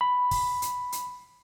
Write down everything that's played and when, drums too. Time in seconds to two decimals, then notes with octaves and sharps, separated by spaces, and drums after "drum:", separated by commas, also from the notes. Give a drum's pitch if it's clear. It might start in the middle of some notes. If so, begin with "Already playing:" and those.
0.01 B5
0.31 drum: kick, open hi-hat
0.62 drum: hi-hat
0.92 drum: hi-hat